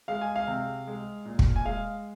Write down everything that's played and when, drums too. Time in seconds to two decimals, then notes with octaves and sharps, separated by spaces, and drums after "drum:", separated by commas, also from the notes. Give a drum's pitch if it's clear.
0.08 G#3 F5
0.21 G#5
0.36 F5
0.47 C3
0.87 G#3
1.26 A#2
1.39 drum: kick
1.56 G#5
1.65 G#3 F5